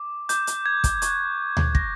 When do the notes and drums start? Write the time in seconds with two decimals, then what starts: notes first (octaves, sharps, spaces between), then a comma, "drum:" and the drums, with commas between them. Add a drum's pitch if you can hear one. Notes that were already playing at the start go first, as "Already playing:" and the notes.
Already playing: D6
0.29 D6 G6, drum: hi-hat
0.47 drum: hi-hat
0.66 G#6
0.84 drum: kick, hi-hat
1.02 C#6 F#6, drum: hi-hat
1.57 drum: tom D2
1.75 C#6 F#6 A#6, drum: kick